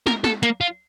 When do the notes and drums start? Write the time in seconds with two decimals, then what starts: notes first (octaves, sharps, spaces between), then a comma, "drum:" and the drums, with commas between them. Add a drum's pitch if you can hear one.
0.07 A#4, drum: snare
0.24 A4, drum: snare
0.43 A#3, drum: hi-hat
0.61 F4